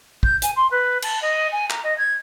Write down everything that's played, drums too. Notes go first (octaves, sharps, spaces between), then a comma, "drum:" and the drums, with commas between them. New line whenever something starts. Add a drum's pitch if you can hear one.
G6, drum: kick
G#5, drum: hi-hat
C6
B4
A5, drum: cymbal
D#5
G#5
A#5, drum: clap
D#5
G#6